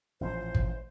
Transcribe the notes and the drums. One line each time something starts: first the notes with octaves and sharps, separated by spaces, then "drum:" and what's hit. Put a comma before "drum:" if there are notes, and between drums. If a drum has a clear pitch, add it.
A1 A#2 F3 C5
drum: kick